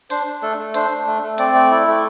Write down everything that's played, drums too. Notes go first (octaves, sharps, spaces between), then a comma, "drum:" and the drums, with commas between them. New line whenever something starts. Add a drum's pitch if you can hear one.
D4 C5, drum: open hi-hat
D4
A3 A4
A3
D4 C5, drum: hi-hat
D4
A3
A3
C4 D5, drum: hi-hat
A3
E4
A3